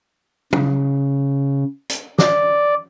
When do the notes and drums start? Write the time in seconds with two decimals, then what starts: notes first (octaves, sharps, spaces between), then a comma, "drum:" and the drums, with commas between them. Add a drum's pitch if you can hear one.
0.53 C#3, drum: tom
1.89 drum: hi-hat
2.19 D5, drum: snare